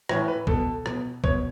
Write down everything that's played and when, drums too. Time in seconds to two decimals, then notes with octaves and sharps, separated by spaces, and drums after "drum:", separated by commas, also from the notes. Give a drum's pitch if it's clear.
0.09 A2 E3 C#5, drum: rim click
0.28 B4
0.47 B2 A4, drum: kick
0.86 B2, drum: rim click
1.24 B2 C#5, drum: kick